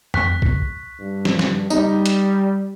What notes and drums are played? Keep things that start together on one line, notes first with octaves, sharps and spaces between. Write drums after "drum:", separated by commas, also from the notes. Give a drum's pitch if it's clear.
C#6 F#6 B6, drum: tom F2
drum: kick C2
G2
drum: snare
drum: snare
G3 D#4, drum: tambourine
drum: hi-hat